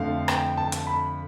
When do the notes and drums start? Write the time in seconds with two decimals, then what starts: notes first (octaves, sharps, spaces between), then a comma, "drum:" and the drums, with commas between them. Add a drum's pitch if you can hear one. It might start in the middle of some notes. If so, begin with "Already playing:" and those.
Already playing: F2 D3 A3 F5
0.28 G5, drum: rim click
0.57 A5
0.72 drum: hi-hat
0.87 B5